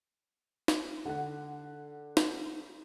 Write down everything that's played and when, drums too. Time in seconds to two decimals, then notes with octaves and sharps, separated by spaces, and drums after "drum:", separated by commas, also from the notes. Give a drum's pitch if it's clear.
0.68 drum: snare
1.05 D3 F#5
2.17 drum: snare